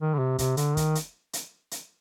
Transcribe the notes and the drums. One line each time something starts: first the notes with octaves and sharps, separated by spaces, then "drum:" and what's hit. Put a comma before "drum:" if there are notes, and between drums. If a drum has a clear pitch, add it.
D#3
D3
C3
C3, drum: kick, hi-hat
D3, drum: hi-hat
D#3, drum: kick, hi-hat
drum: hi-hat
drum: hi-hat
drum: hi-hat